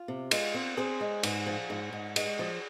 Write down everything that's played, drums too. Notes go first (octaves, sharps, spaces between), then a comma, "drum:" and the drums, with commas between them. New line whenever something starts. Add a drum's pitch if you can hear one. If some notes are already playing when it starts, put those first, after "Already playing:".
Already playing: F4
C3
G#3 F4, drum: cymbal
C4
C4 G#4 C5
G#3
G#2, drum: cymbal
F3
G#2
G#2
G#3, drum: cymbal
F3